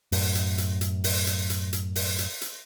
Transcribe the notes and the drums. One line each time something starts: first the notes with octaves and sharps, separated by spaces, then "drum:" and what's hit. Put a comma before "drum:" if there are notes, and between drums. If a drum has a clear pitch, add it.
F#2 A2, drum: open hi-hat
drum: hi-hat
drum: hi-hat
drum: hi-hat
drum: open hi-hat
drum: hi-hat
drum: hi-hat
drum: hi-hat
drum: open hi-hat
drum: hi-hat
drum: hi-hat